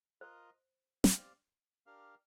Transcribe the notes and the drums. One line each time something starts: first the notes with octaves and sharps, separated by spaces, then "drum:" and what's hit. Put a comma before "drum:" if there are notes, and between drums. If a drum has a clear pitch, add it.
F4 A#4 C5 D#5
C4 G4 D5 F5, drum: snare
D4 G4 A#4 F5